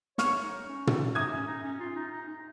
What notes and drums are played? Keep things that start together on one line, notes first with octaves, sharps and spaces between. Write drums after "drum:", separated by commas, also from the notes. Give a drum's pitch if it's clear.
C#5 C#6 F6, drum: snare
D#4
C#4
drum: tom
D#4 D#6 G#6
C#4
D#4
C#4
F4
D#4
D#4
D#4